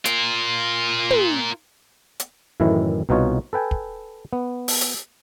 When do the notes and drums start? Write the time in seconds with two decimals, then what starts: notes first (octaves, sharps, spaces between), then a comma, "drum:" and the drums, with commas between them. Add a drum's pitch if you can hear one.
0.05 F4 A#4, drum: hi-hat
1.10 drum: tom
2.20 drum: hi-hat
2.60 F#2 A2 D#3 E3 E4
3.09 C2 B2 D#4 F4 C#5
3.53 A4 B4 G5 G#5
3.71 drum: kick
4.33 B3
4.68 drum: open hi-hat
4.81 drum: hi-hat